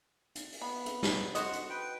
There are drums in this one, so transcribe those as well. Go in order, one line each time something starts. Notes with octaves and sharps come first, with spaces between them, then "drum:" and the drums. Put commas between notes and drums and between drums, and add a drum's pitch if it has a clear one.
drum: hi-hat
drum: open hi-hat
B3 B5
drum: hi-hat
drum: snare
F#4 C5 D#5 F#5, drum: hi-hat
drum: hi-hat
B4 G5